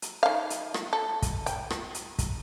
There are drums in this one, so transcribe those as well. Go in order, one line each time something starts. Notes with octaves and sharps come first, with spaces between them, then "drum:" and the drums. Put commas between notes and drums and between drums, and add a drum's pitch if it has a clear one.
drum: hi-hat
D#3 F5
drum: hi-hat
drum: rim click
A4
drum: kick, hi-hat
G5, drum: hi-hat
drum: rim click
drum: hi-hat
drum: kick, hi-hat